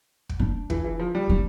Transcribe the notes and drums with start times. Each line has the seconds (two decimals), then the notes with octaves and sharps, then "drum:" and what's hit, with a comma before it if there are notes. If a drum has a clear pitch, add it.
0.29 drum: kick
0.39 D4
0.70 E3, drum: kick
0.84 E3
1.00 F3
1.15 G3
1.29 D4